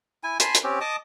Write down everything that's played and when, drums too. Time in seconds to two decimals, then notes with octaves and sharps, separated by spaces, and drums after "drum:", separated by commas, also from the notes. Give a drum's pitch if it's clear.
0.24 E4 G#5
0.40 G#5 A5 B5 C6, drum: hi-hat
0.55 drum: hi-hat
0.64 C4 C#4 G4
0.81 D#5 A5 D6 D#6